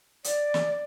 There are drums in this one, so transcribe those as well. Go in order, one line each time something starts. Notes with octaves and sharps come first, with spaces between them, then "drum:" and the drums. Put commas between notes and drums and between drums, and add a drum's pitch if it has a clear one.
D5, drum: hi-hat
drum: snare